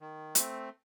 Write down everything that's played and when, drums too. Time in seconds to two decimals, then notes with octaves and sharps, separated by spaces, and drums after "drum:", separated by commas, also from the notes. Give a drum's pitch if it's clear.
0.01 D#3
0.35 A3 C4, drum: hi-hat